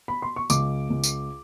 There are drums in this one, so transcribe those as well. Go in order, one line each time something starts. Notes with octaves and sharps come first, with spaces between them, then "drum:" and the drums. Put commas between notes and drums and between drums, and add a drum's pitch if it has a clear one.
B5
C6
C#6
C#2 D6, drum: tambourine
C#2
drum: tambourine